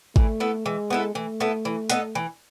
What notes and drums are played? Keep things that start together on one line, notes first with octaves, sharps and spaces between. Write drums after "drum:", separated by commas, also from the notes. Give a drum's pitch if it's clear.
E3 A3, drum: kick G#1
B3 E4 A4
E3 G#3
B3 E4 A4
E3 A3
B3 E4 A4
E3
B3 D#4 A4, drum: hi-hat
E3